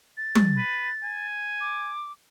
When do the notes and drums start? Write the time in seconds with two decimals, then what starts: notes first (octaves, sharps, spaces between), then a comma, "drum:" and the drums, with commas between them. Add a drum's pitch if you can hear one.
0.17 A6
0.35 drum: tom
0.58 B4
1.04 G#5
1.61 D6